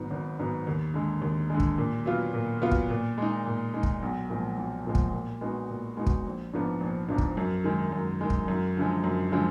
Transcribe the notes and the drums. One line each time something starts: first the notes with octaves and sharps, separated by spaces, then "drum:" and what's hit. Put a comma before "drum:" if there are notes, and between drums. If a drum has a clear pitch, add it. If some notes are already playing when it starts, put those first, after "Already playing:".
Already playing: G#1 G#2 F#3 B3
G#1
G#2 F#3 B3
D#2
D3 G#3
D#2
D3 G#3
drum: kick
A#2
F#3 B3 F4
A#2
F#3 B3 F4
drum: kick
A#2
G#3 D#4
A#2
G#3 D#4
drum: kick
B1
A#2 F3 G#3
B1
A#2 F3 G#3
drum: kick
A#2
G#3 B3 D#4 F#4
A#2
G#3 B3 D#4 F#4
drum: kick
A#1
G#2 F3 B3 D4
A#1
G#2 F3 B3 D4
drum: kick
F#2
D#3 G#3
F#2
D#3 G#3
drum: kick
F#2
D3 F3 G#3
F#2
D3 F3 G#3